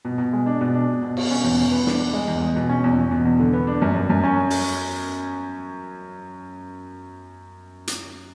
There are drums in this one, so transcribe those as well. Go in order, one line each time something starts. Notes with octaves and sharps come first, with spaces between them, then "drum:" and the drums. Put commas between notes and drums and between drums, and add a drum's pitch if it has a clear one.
B2
B2
G#3
D4
B2
D4
B2
B2
B2, drum: cymbal
C#4
E2
E2
B3
D4, drum: snare
D4
G#3
E2
G#3
B2
C#4
E2
E2
B2
E2
D3
B3
D4
F#2
F#2
F#2
C#4
drum: open hi-hat
drum: hi-hat